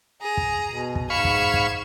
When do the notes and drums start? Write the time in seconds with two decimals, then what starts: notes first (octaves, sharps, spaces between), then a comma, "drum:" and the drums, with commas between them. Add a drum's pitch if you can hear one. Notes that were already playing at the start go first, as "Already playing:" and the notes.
0.21 G#4 A#5
0.37 drum: kick
0.70 B2
0.95 drum: kick
1.10 G#2 F5 B5 C#6 G#6 E7
1.24 drum: kick
1.54 drum: kick